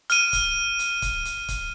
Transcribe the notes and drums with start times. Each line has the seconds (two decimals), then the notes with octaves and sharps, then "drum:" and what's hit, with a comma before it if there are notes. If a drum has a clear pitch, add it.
0.10 F6 D#7, drum: hi-hat
0.33 drum: kick C#1, hi-hat
0.79 drum: hi-hat
1.02 drum: kick C#1, hi-hat
1.25 drum: hi-hat
1.49 drum: kick C#1, hi-hat